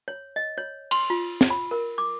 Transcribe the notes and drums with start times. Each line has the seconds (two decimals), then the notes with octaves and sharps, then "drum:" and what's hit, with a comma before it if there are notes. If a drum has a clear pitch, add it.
0.08 C#5
0.36 D#5
0.58 C#5
0.91 C6, drum: cymbal
1.10 F4
1.41 drum: snare
1.50 B5
1.71 A#4
1.98 D6